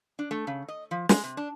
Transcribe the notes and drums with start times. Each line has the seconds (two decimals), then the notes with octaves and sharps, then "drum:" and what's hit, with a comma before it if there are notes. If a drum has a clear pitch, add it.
0.19 D4
0.31 A3
0.47 C#3
0.68 D#5
0.91 F3
1.09 G#3, drum: snare
1.24 C3
1.37 D4